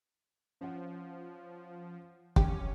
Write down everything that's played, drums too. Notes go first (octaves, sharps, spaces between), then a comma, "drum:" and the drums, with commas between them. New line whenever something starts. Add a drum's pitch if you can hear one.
F3 C#4 F#5
C#4 G4, drum: kick